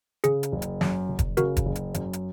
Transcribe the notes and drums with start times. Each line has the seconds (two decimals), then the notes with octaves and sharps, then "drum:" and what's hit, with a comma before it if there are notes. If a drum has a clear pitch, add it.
0.24 C#3 G#4, drum: hi-hat
0.43 drum: hi-hat
0.52 F#1
0.62 drum: hi-hat
0.81 F#2, drum: snare
1.09 F#1
1.19 drum: kick, hi-hat
1.37 C#3 F#4 A#4, drum: hi-hat
1.57 drum: kick, hi-hat
1.66 F#1
1.75 drum: hi-hat
1.94 F#2, drum: hi-hat
2.13 drum: hi-hat